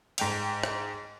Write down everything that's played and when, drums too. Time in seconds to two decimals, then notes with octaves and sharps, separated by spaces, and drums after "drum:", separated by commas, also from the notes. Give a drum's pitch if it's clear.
0.18 G#2 G5 F7, drum: cymbal
0.63 drum: rim click